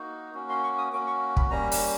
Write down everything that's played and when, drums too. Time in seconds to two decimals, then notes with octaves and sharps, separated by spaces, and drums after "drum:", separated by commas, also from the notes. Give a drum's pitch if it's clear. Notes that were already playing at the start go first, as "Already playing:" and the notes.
Already playing: A#3 D#4 F#4
0.34 A#3 C#4 F#4
0.49 C6
0.64 C#6
0.78 D#6
0.93 A#3 C#4 F#4 D6
1.07 C#6
1.37 B5, drum: kick
1.50 G3 A#3 C#4 A#5
1.72 drum: open hi-hat